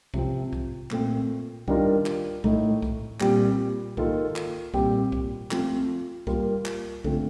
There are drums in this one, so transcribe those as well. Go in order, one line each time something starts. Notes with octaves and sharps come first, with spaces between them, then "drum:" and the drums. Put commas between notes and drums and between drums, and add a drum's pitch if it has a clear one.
C3 F3 C4, drum: kick B1
drum: kick B1
A#2 A3 C4, drum: clap
D#3 G3 D4 F4 A#4, drum: kick B1
drum: clap
A2 A3 D#4, drum: kick B1
drum: kick B1
A#2 G3 C4 G4, drum: clap
D#3 A#3 F4 A4, drum: kick B1
drum: clap
A#2 G3 C4 G4, drum: kick B1
drum: kick B1
F3 A3 C4 F4, drum: clap
G3 A#3 F4, drum: kick B1
drum: clap
D3 A3 C4 F4, drum: kick B1